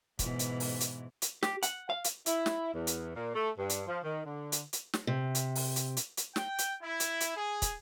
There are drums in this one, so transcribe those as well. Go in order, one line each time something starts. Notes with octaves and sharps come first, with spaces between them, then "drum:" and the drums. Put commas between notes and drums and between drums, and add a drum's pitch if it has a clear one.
G#2 B2 E3, drum: kick, hi-hat
drum: hi-hat
drum: open hi-hat
drum: hi-hat
drum: hi-hat
G4, drum: snare
F#5, drum: hi-hat
F5
drum: hi-hat
E4, drum: hi-hat
drum: snare
E2
drum: hi-hat
A#2
A3
G2
drum: hi-hat
F3
D#3
D3
drum: hi-hat
drum: hi-hat
drum: snare
C3
drum: hi-hat
drum: open hi-hat
drum: hi-hat
drum: hi-hat
drum: hi-hat
G5, drum: snare
drum: hi-hat
E4
drum: hi-hat
drum: hi-hat
G#4
drum: kick, hi-hat